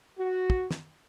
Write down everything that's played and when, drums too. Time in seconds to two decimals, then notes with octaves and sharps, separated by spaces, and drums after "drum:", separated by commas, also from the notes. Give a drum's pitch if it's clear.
0.18 F#4
0.50 drum: kick
0.71 drum: snare